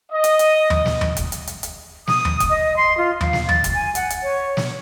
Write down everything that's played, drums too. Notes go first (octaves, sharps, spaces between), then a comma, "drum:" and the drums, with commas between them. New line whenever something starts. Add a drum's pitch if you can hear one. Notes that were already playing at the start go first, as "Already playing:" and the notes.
D#5
drum: hi-hat
drum: hi-hat
drum: tom D#2
drum: snare
drum: tom D#2
drum: kick F1, hi-hat
drum: hi-hat
drum: hi-hat
drum: hi-hat
D#6, drum: snare
drum: tom D#2
drum: kick F1, hi-hat
D#5
C6
F4
F5, drum: tom D#2
drum: snare
A6, drum: tom D#2
drum: kick F1, hi-hat
G#5
F#5, drum: hi-hat
drum: hi-hat
C#5
drum: snare